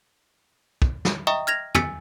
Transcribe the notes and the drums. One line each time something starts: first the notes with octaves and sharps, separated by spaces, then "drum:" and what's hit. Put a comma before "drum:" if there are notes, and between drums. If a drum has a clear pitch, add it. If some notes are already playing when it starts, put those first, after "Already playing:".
drum: kick
drum: snare
D#5 E5 G5 A#5 C#6 D#6
F6 G#6 A#6 F7
G#5 E6 A6 B6 C#7, drum: tom